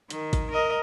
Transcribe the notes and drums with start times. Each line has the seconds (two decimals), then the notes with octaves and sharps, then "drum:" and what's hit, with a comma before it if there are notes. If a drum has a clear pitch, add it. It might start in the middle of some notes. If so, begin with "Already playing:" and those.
0.10 D#3, drum: hi-hat
0.33 drum: kick G#1, hi-hat
0.51 A#4 D#5